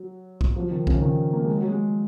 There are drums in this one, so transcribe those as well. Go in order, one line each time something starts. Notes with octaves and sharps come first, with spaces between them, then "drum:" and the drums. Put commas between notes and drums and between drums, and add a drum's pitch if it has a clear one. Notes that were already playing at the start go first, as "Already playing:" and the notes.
Already playing: F#3
drum: kick B1
F3
D#3
C#3, drum: kick B1
D#3
A#3
G#3
F#3
G#3